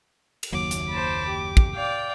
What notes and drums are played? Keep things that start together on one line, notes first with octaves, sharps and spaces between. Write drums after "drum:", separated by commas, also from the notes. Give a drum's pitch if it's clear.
drum: cymbal
F#1 D#2 F#3 D6
drum: hi-hat
C5 A5 B5
G4
drum: kick
D5 F5 G5